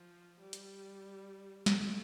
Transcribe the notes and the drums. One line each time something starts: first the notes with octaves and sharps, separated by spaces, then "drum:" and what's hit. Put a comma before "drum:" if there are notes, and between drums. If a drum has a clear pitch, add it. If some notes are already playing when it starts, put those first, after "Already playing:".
Already playing: F3
G3
drum: hi-hat
A3, drum: snare